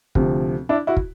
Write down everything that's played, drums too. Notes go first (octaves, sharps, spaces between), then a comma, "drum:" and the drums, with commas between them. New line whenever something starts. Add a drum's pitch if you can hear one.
D2 C3 F3, drum: kick
D4 E4
E4 F#4
drum: kick